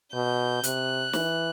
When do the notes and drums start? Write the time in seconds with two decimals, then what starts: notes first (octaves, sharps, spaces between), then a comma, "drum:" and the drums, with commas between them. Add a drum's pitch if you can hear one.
0.14 B2 G6
0.63 C3 F#6, drum: hi-hat
1.13 E3, drum: snare